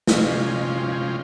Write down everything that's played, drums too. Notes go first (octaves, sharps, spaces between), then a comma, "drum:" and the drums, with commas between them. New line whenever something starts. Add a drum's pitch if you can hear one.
C3 F3 G#3 C#4 F4, drum: snare